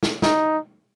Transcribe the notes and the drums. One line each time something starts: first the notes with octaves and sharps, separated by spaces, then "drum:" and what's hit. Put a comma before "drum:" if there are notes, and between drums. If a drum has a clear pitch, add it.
drum: snare
D#4, drum: snare